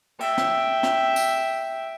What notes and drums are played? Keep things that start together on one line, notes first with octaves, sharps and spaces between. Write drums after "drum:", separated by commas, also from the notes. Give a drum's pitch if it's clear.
E5 G5, drum: cymbal
drum: snare
drum: snare
drum: tambourine